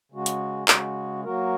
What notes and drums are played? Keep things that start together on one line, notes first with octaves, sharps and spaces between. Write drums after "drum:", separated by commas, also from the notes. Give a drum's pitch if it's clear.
C#3 G#3 F#4
drum: hi-hat
C#3 G#3 F#4, drum: clap
F#3 A#3 F#4 A#4